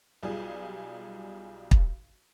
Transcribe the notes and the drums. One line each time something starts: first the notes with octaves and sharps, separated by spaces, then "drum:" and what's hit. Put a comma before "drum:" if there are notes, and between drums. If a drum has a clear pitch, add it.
B1 G3 F4 G#4
drum: kick